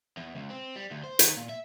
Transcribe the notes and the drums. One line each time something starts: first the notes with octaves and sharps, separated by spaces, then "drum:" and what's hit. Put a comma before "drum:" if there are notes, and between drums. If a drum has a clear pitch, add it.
E2
C#2
C4
G3
D2
C5
D#3, drum: hi-hat
A#2
E5